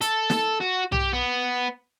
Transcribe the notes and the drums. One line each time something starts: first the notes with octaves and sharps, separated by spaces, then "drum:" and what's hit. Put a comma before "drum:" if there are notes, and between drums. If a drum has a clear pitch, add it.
A4, drum: hi-hat
drum: snare
F#4
G4, drum: tom
B3